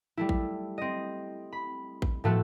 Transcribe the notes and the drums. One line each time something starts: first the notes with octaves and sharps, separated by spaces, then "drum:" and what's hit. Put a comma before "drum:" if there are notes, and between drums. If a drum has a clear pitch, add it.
G3 A3 E4
drum: kick A1
C4 D#5
B5
drum: kick A1
A2 F3 A3 B3 F#4 A4